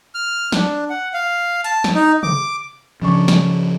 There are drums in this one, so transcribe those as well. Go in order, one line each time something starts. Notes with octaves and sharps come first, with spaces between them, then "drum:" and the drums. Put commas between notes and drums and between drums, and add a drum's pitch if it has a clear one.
F6
D4, drum: snare
F#5
F5
A5, drum: hi-hat
drum: snare
D#4
D6, drum: tom
C#3 F3 C#4 D4 C#6
drum: snare